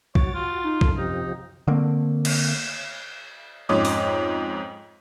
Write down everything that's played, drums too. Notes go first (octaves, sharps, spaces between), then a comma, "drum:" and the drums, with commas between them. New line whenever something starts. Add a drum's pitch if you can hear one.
F#4 C#5 A6 D7, drum: kick B1
F4
D#4
F#2 A4, drum: kick B1
C3 F3 D#4 G4
D3 A3 A#3 C4
drum: cymbal
F2 G#2 C#4 D6
drum: open hi-hat